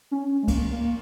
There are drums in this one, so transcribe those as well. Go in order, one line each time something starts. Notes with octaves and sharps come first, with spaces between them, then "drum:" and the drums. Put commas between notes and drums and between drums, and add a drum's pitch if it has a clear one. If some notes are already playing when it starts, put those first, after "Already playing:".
C#4
G#3
A#3, drum: kick C2, cymbal
A#3